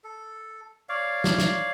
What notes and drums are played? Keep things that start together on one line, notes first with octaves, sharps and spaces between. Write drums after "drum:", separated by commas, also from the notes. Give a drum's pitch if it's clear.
A4
C#5 D5 F5
drum: snare
drum: snare